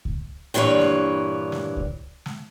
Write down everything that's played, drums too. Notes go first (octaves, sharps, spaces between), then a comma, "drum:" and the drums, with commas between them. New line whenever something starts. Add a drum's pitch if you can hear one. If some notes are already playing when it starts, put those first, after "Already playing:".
drum: kick C#2
G2 A#2 E3 B4 C#5
drum: snare
drum: snare
drum: kick C#2
drum: snare